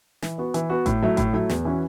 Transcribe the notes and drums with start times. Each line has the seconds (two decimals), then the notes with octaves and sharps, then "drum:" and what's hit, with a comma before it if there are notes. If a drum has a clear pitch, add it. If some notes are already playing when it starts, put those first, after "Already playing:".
0.22 E3, drum: snare
0.38 B3 F#4
0.54 E3, drum: hi-hat
0.70 B3 F#4
0.86 A2, drum: kick G#1, hi-hat
1.02 F#3 A3 E4
1.17 A2, drum: kick G#1, hi-hat
1.33 F#3 A3 E4
1.49 E2, drum: snare
1.65 E3 C#4 F#4